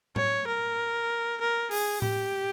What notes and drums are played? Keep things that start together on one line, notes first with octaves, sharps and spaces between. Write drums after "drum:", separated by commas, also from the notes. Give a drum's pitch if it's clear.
C#5, drum: tom A2
A#4
A#4
G#4, drum: open hi-hat
G4, drum: tom A2